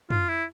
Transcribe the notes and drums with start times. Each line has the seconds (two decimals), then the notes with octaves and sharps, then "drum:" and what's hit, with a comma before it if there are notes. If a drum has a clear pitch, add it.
0.10 F4, drum: tom
0.28 E4